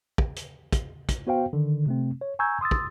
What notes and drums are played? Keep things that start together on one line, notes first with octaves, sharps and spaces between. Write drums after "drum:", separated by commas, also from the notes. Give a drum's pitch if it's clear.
drum: kick
drum: hi-hat
drum: kick, hi-hat
drum: kick, hi-hat
B3 F#4 C5 F5 G5
D3 D#3
C3 A3 C4
C#5
G#5 A#5 C#6 E6 G6 G#6
C6 D#6 E6 A6
drum: kick